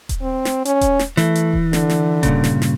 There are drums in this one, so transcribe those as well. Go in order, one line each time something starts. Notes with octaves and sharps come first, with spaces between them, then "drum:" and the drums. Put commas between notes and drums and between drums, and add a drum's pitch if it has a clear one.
drum: kick D#1, hi-hat
C4
drum: snare
C#4, drum: hi-hat
drum: kick D#1, hi-hat
drum: snare
E3 A3, drum: snare
drum: hi-hat
drum: kick D#1
D3, drum: snare
drum: snare
G2 A#2 C#3, drum: kick D#1, hi-hat
drum: snare
drum: snare